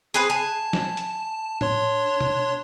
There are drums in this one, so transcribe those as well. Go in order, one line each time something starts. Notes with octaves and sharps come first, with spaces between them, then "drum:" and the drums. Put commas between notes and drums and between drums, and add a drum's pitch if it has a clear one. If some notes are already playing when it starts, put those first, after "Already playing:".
G#4 B4 C5
G#5 A5
drum: snare
drum: hi-hat
D4 C#5 C6, drum: tom A2
drum: tom B2